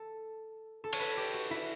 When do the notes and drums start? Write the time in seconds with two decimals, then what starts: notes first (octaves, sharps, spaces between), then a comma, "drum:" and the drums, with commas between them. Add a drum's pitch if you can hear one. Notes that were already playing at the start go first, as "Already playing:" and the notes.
Already playing: A4
0.84 A4
0.93 C#5, drum: cymbal
1.00 B4
1.17 G4
1.34 F#4
1.50 E4